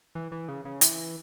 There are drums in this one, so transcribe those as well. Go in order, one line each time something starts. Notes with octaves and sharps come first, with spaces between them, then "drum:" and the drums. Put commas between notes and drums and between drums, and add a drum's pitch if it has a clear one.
E3
E3
C#3
C#3
E3, drum: hi-hat